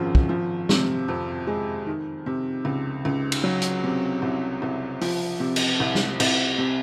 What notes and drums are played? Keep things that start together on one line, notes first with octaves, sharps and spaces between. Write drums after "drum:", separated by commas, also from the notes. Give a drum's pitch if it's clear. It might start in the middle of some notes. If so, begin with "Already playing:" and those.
Already playing: G#1 F#2 C#3 F3
drum: kick
F3
C3, drum: snare
F2
G#3
D#3
C3
C#2
C#2
drum: cymbal
F#3
drum: hi-hat
C3
C2
C2
F3, drum: open hi-hat
C3
drum: cymbal
C2
drum: snare
C2, drum: cymbal
C3